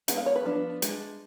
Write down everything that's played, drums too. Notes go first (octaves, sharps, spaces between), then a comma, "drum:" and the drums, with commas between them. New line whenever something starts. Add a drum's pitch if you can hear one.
G#3 B3 D4 F#5, drum: hi-hat
F5
C#5
B4
F3 B3 D4
G#3 D4, drum: hi-hat